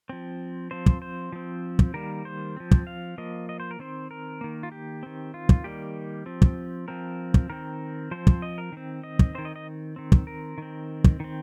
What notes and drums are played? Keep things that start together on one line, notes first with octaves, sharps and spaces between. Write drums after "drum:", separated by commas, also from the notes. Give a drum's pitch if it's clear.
F3 C4
F3 C4 C5
drum: kick
C5
F3 C4
drum: kick
D#3 G3 A#3 A#4
C5
F3 C4
drum: kick
F5
F3 A#3 D#5
D#5
C5
A#4
D#3 C4 C5
A#4
D#3 A#3
F4
G4
D#3 C4
F4
drum: kick
D#3 G3 A#3 G4
F3 C4
drum: kick
F3 C4 A#4
drum: kick
D#3 C4 A#4
F3 C4 C5
drum: kick
D#5
A#4
D#3 C4
D#5
drum: kick
D#3 C4 C5
D#5
D#5
D#3 C4
drum: kick
A#4
D#3 C4
drum: kick
D#3 C4